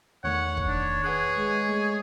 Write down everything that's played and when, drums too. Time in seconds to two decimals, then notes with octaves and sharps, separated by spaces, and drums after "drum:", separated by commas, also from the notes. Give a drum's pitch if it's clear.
0.24 E2 D#3 A3 C#5 F#5
0.57 drum: kick
0.67 D4
1.04 G#4 B4 F#5 F#6
1.37 G#3
1.69 A3